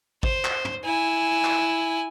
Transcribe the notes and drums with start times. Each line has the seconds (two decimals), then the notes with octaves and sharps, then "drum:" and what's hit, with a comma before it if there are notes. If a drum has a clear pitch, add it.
0.23 C5, drum: kick
0.45 drum: clap
0.65 drum: tom
0.85 E4 G#5
1.45 drum: clap